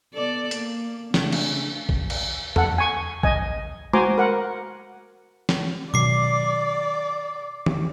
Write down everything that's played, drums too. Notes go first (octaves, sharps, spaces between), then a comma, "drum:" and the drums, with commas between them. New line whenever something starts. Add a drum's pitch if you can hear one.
B3 A4 D5
A#3, drum: hi-hat
C#3 A3 D4, drum: snare
drum: cymbal
drum: kick
drum: cymbal
A4 F#5, drum: tom E2
G#5 C#6
D#5 G#5, drum: kick
F#4 C5 G#5 A#5 C6 D6, drum: tom G#3
A#4 F#5
drum: snare
B2 D#3 F#3 D5 D6 C7
drum: tom D#3